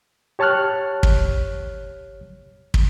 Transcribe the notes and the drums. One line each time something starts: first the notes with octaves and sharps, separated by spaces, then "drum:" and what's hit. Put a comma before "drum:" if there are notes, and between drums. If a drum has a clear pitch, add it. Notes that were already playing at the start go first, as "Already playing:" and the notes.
G4 C#5 A5 C#6 F6 F#6
drum: kick
drum: kick